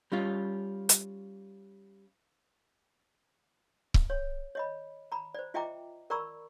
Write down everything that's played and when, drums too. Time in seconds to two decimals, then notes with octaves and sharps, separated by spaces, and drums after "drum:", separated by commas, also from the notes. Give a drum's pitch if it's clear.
0.12 G3 C#4 F4
0.89 drum: hi-hat
3.94 drum: kick C#1
4.10 C#5
4.55 C#5 D#5 B5
5.12 A#5 B5
5.34 C5 D5
5.54 F4 D#5 E5 G5 A#5 D6
6.10 A#4 D5 A#5 B5 C#6 E6